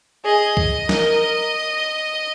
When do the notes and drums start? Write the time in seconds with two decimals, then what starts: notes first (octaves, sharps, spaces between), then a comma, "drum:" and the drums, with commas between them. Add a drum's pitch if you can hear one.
0.25 G#4 D#5
0.57 drum: kick
0.89 A#4, drum: snare